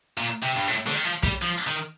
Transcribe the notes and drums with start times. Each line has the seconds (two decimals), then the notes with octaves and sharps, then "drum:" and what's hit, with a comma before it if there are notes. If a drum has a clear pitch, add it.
0.17 A#2
0.43 C3
0.56 G2
0.68 A2
0.87 D3, drum: rim click
0.95 D#3
1.05 F3
1.23 G3, drum: kick
1.42 F3
1.67 D#3